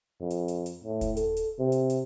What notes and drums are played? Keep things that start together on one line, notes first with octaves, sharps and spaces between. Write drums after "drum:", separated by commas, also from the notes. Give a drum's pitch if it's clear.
F2
drum: hi-hat
drum: hi-hat
drum: hi-hat
A2
drum: kick D#1, hi-hat
A4, drum: hi-hat
drum: hi-hat
C3
drum: hi-hat
drum: hi-hat